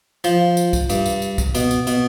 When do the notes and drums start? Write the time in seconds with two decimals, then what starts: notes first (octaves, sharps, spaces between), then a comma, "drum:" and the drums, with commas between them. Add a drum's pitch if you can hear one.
0.24 F3, drum: tambourine
0.57 drum: tambourine
0.73 drum: kick, tambourine
0.90 G2, drum: tambourine
1.06 drum: tambourine
1.22 drum: tambourine
1.38 drum: kick, tambourine
1.55 B2, drum: tambourine
1.71 drum: tambourine
1.87 B2, drum: tambourine